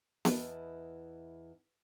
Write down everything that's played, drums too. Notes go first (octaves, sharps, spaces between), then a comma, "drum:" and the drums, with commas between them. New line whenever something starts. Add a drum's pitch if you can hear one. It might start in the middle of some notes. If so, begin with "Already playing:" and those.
E2 E4 B4 D#5 A5, drum: snare B3